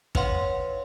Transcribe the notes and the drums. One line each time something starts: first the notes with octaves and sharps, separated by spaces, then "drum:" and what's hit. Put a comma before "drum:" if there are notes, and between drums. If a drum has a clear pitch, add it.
D#4 B4 C#5 F5 F#5 C6, drum: kick